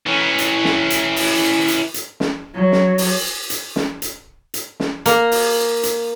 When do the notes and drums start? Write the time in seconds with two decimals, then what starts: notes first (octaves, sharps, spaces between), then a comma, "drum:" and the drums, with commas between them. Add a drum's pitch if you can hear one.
0.07 E3 C#4
0.38 drum: hi-hat
0.64 drum: snare
0.90 drum: hi-hat
1.16 drum: open hi-hat
1.68 drum: hi-hat
1.94 drum: hi-hat
2.20 drum: snare
2.54 F#3
2.72 drum: snare
2.98 drum: open hi-hat
3.50 drum: hi-hat
3.76 drum: snare
4.02 drum: hi-hat
4.54 drum: hi-hat
4.80 drum: snare
5.06 A#3, drum: hi-hat
5.32 drum: open hi-hat
5.83 drum: hi-hat